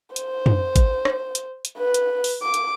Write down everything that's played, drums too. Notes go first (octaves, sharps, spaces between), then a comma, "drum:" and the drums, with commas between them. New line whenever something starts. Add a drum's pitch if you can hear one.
C5, drum: hi-hat
drum: tom
drum: kick, hi-hat
drum: rim click
drum: hi-hat
drum: hi-hat
B4
drum: hi-hat
drum: open hi-hat
D6
drum: hi-hat